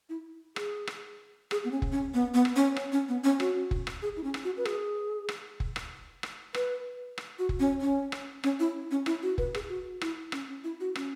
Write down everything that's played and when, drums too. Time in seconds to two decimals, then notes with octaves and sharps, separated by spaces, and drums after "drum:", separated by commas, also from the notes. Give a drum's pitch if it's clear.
0.09 E4
0.56 G#4, drum: rim click
0.87 drum: rim click
1.51 G#4, drum: rim click
1.64 B3
1.71 C#4
1.82 drum: kick F1
1.92 C#4
2.14 B3
2.34 B3
2.45 drum: rim click
2.56 C#4
2.76 drum: rim click
2.92 C#4
3.08 B3
3.24 C#4
3.40 F#4, drum: rim click
3.71 drum: kick F1
3.87 drum: rim click
4.02 G#4
4.16 E4
4.24 C#4
4.34 drum: rim click
4.44 F#4
4.57 B4
4.65 G#4, drum: rim click
5.29 drum: rim click
5.60 drum: kick F1
5.76 drum: rim click
6.23 drum: rim click
6.54 B4, drum: rim click
7.18 drum: rim click
7.39 F#4
7.49 drum: kick F1
7.59 C#4
7.81 C#4
8.12 drum: rim click
8.44 C#4, drum: rim click
8.59 E4
8.91 C#4
9.06 E4, drum: rim click
9.22 F#4
9.38 B4, drum: kick F1
9.55 G#4, drum: rim click
9.69 F#4
10.01 E4, drum: rim click
10.32 C#4, drum: rim click
10.48 C#4
10.64 E4
10.80 F#4
10.95 C#4, drum: rim click